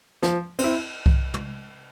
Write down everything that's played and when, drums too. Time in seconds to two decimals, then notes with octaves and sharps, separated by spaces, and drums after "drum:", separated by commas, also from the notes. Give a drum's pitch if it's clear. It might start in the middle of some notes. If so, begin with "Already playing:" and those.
0.22 F3, drum: snare
0.59 C4, drum: cymbal
0.64 E4
1.06 drum: kick C2
1.34 drum: tom